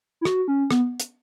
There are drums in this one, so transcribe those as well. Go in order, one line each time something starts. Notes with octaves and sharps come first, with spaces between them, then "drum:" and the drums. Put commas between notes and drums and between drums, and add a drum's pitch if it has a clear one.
E4
F#4, drum: rim click
C#4
B3, drum: rim click
drum: hi-hat